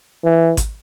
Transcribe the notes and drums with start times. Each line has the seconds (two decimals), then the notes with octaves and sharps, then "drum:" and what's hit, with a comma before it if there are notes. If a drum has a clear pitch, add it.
0.24 E3
0.57 drum: kick G#1, hi-hat